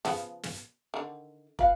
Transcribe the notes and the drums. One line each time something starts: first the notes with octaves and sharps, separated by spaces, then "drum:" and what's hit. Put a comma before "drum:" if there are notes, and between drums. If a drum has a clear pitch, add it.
C#3 F3 B3, drum: snare
drum: snare
D3 D#3
F4 B4 F5 F#5, drum: kick